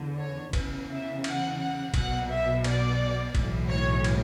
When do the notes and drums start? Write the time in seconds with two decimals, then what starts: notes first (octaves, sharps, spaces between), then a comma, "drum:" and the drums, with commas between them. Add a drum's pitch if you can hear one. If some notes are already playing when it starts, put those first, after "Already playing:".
Already playing: E2 D3
0.18 C#5
0.53 E2 C#3 E3 B4, drum: kick, cymbal
0.90 E5
1.24 F#5, drum: cymbal
1.59 F#5
1.94 B2 F#5, drum: kick, cymbal
1.99 B1
2.29 E5
2.64 D5, drum: cymbal
3.35 B1 A2 E3, drum: kick, cymbal
3.69 C#5
4.04 drum: cymbal